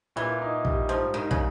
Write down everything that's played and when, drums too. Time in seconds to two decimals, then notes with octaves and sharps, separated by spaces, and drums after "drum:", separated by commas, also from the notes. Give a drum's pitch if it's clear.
0.16 A#2 E3
0.41 D#4
0.65 G3, drum: kick
0.89 G#2 F3
1.14 G#2 D#3
1.31 C#3, drum: kick